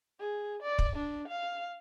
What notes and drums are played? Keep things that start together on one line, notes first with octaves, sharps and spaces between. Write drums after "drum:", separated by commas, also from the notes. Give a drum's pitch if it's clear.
G#4
D5
drum: kick
D4
F5